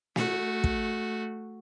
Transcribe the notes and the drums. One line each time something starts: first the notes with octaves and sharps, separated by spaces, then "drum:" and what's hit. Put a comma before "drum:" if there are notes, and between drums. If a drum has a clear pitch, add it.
A3 F#4, drum: snare
drum: kick